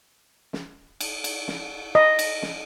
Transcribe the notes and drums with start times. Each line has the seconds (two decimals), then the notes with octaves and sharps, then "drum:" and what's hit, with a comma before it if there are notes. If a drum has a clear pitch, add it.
0.53 drum: snare
1.00 drum: cymbal
1.24 drum: cymbal
1.48 drum: snare
1.95 D#5
2.19 drum: cymbal
2.42 drum: snare